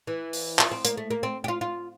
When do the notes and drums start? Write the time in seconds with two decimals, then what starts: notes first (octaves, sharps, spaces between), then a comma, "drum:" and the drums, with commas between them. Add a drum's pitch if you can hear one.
0.07 E3
0.33 drum: open hi-hat
0.59 F3, drum: clap
0.71 C4
0.85 A#3, drum: hi-hat
0.97 A3
1.11 A#3
1.23 C4
1.44 G4
1.48 F4
1.61 F4